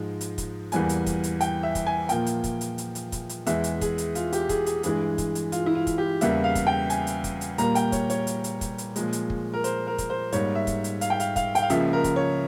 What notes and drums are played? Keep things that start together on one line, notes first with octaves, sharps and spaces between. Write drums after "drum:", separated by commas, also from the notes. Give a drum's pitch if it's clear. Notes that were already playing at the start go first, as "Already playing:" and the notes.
Already playing: G#2 F3 G#3
drum: hi-hat
drum: kick, hi-hat
E2 E3 G3 A#3 G#5, drum: hi-hat
drum: hi-hat
drum: kick, hi-hat
drum: hi-hat
G5, drum: hi-hat
E5
drum: kick, hi-hat
G#5
A#2 F3 A#3 G5, drum: hi-hat
drum: hi-hat
drum: kick, hi-hat
drum: hi-hat
drum: hi-hat
drum: hi-hat
drum: kick, hi-hat
drum: hi-hat
E2 E3 G#3 E5, drum: hi-hat
drum: hi-hat
G#4, drum: kick, hi-hat
drum: hi-hat
F4, drum: hi-hat
G4, drum: hi-hat
G#4, drum: kick, hi-hat
G#4, drum: hi-hat
G2 E3 G#3 G#4, drum: hi-hat
drum: kick, hi-hat
drum: hi-hat
F4, drum: hi-hat
E4
F4
drum: kick, hi-hat
G4
E2 C#3 G3 A#3 E5, drum: hi-hat
F5
drum: kick, hi-hat
G5
G#5, drum: hi-hat
drum: hi-hat
drum: kick, hi-hat
drum: hi-hat
A#2 G3 A#3 A#5, drum: hi-hat
G5, drum: hi-hat
C#5, drum: kick, hi-hat
C#5, drum: hi-hat
drum: hi-hat
drum: hi-hat
drum: kick, hi-hat
drum: hi-hat
A#2 F3 G#3, drum: hi-hat
drum: hi-hat
drum: kick
A#4
C5, drum: hi-hat
A#4
drum: kick, hi-hat
C5
G#2 G3 A#3 C#5, drum: hi-hat
E5
drum: kick, hi-hat
drum: hi-hat
F5, drum: hi-hat
G5
F5, drum: hi-hat
F5, drum: kick, hi-hat
G5, drum: hi-hat
F5
C#2 C#3 F3 A#3 E5, drum: hi-hat
A#4
drum: kick, hi-hat
C#5